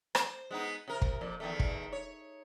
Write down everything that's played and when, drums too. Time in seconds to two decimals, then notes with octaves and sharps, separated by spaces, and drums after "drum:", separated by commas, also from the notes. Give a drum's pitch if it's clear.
0.15 C5, drum: rim click
0.51 G#3 B3 D#4
0.88 C3 A#4
1.02 drum: kick
1.21 F2 A#2
1.40 E2 D#3 A3
1.59 drum: kick
1.92 C#5